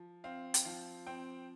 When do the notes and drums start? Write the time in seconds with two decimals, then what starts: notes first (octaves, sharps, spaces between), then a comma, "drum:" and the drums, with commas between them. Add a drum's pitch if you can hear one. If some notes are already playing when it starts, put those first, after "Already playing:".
Already playing: F3
0.24 C4 F5
0.54 G5, drum: hi-hat
0.65 F3 F5
1.07 C4 G5